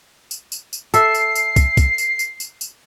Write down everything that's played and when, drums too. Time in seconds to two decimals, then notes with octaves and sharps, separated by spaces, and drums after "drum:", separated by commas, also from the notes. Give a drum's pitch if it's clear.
0.31 drum: tambourine
0.52 drum: tambourine
0.73 drum: tambourine
0.94 A4 E5 C7, drum: tambourine
1.15 drum: tambourine
1.35 drum: tambourine
1.56 drum: kick, tambourine
1.77 drum: kick, tambourine
1.98 drum: tambourine
2.19 drum: tambourine
2.40 drum: tambourine
2.61 drum: tambourine